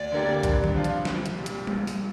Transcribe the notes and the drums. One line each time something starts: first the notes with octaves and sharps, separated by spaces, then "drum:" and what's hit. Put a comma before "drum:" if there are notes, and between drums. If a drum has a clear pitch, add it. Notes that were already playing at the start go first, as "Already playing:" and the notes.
Already playing: D2 D5
D3 A#3 G4
G2, drum: kick, hi-hat
drum: tom D#3
F3 D4 F4
drum: hi-hat
C2, drum: snare
drum: hi-hat
A#2 G3
drum: hi-hat
A#1, drum: tom G3
drum: open hi-hat
A#2